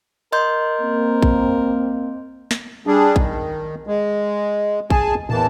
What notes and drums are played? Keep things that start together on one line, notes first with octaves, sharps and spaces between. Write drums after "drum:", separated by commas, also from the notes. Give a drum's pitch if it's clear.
A#4 D#5 C6 G6
A#3 C4
drum: kick A#1
drum: snare
G3 D4 G#4
D#3, drum: kick A#1
G#3
G#4 G#5 A5, drum: kick A#1
E2 E3 A#3 A5, drum: tom